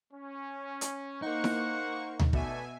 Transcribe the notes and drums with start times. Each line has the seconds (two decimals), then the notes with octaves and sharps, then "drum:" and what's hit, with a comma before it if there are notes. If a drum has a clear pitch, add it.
0.12 C#4
0.81 drum: hi-hat
1.22 A#3 D#4 C5 F#5 C#6
1.44 drum: snare E4
2.19 drum: tom D2
2.33 B2 A3 A4 D5 E5 G#5, drum: kick